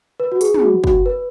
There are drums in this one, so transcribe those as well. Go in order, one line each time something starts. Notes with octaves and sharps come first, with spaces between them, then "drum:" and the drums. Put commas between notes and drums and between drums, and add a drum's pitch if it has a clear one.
B4
F#4
G#4, drum: hi-hat
G#4, drum: tom
F#4
F#4, drum: kick
B4